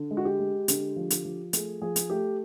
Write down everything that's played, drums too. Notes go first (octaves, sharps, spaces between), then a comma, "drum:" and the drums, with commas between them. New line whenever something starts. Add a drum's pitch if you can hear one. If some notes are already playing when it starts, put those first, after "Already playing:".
Already playing: D3
G#3
F#4
G4
G#3
D3, drum: hi-hat
F3
drum: hi-hat
F3
A3 G#4, drum: hi-hat
F3 G#4
drum: hi-hat
A3 G4